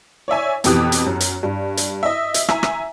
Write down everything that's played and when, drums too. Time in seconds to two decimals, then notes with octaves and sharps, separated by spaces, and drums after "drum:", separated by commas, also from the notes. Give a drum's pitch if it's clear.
0.28 C#5 D5 E5 G#5
0.64 F2 B2 E3 G4 D#6 F#6, drum: hi-hat
0.92 drum: hi-hat
1.06 F#2
1.20 drum: hi-hat
1.43 G2
1.77 drum: hi-hat
2.03 D#5 E5
2.34 drum: hi-hat
2.49 E5 G#5 A#5, drum: rim click
2.63 drum: rim click